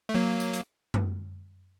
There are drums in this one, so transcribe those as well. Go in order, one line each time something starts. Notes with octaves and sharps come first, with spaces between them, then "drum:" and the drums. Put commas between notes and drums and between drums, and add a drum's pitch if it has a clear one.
A3
F#3 A#3
drum: tambourine
drum: hi-hat
drum: tom F#2